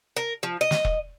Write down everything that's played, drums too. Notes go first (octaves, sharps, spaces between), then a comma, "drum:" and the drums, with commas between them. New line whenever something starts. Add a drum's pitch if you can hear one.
A#4
F3
D#5
drum: snare
drum: kick E1